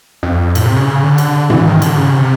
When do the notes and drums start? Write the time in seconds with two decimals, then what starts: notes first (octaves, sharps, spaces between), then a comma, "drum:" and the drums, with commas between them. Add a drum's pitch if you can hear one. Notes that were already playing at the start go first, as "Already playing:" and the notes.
0.23 F2
0.55 A2, drum: cymbal
0.65 C3
0.76 C#3
0.86 C#3
1.02 D3
1.18 drum: cymbal
1.50 E3, drum: tom G#2
1.66 D#3
1.82 D3, drum: cymbal
1.97 C#3
2.12 C3